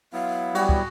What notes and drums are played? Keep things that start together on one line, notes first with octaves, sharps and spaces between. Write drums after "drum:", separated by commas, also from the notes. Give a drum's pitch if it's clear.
F#3 B3 E4 F5
G3 F#4 G#4, drum: cymbal
drum: kick